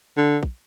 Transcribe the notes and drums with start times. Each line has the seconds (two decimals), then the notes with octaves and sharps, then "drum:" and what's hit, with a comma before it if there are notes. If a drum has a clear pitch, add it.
0.17 D3
0.43 drum: kick